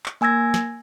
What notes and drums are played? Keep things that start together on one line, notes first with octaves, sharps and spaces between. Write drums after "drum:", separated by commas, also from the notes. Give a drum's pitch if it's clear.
drum: clap
A#3 G#5 E6 G#6 A#6
drum: snare